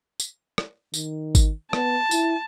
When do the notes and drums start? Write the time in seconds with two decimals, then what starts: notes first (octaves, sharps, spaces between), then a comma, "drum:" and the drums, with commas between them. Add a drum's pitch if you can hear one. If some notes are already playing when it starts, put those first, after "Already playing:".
0.20 drum: tambourine
0.58 drum: rim click
0.94 D#3, drum: tambourine
1.35 drum: kick G#1, tambourine
1.73 B3 A5, drum: rim click
2.11 E4, drum: tambourine